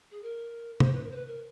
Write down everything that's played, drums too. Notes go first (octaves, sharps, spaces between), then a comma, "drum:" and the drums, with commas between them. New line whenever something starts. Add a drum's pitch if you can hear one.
G#4
A#4
C5, drum: tom
B4
A#4
C5
B4
A#4